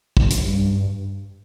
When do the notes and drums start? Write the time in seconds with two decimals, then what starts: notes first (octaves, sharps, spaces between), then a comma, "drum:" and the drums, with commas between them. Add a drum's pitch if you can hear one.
0.17 G2, drum: kick
0.31 F#2, drum: hi-hat
0.44 G2